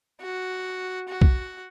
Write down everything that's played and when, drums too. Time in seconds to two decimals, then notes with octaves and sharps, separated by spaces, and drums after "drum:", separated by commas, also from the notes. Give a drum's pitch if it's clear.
0.21 F#4
1.09 F#4
1.21 drum: kick